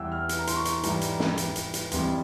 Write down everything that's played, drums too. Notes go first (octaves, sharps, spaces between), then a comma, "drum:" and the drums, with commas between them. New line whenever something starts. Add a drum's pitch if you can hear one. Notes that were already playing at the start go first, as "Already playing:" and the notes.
Already playing: E2 E3 G3 G5 E6
F6
drum: hi-hat
A#5
C6, drum: hi-hat
C#6
drum: hi-hat
G#2 E3 G3 A#5, drum: hi-hat
drum: hi-hat
drum: snare
drum: hi-hat
drum: hi-hat
drum: hi-hat
F2 E3 G3 C6, drum: hi-hat